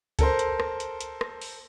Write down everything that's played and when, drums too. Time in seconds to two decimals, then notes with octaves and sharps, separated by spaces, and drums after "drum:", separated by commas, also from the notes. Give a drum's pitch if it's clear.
0.19 A4 A#4 C5, drum: kick C#2, hi-hat
0.39 drum: hi-hat
0.60 drum: rim click
0.80 drum: hi-hat
1.01 drum: hi-hat
1.21 drum: rim click
1.41 drum: open hi-hat